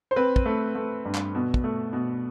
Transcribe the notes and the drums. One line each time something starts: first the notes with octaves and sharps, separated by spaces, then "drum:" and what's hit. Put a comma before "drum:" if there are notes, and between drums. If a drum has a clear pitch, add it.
C5
C4 B4
drum: kick
A3
A3
G2
drum: clap
B2
drum: kick
A3
B2